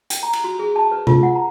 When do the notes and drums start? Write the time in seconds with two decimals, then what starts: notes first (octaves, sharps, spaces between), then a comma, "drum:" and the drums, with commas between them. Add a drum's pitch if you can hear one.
0.10 G5, drum: hi-hat
0.23 A#5
0.33 drum: cymbal
0.44 F#4
0.59 G#4
0.76 A5
0.92 B4
1.07 F4, drum: tom C3
1.23 F#5
1.36 A#5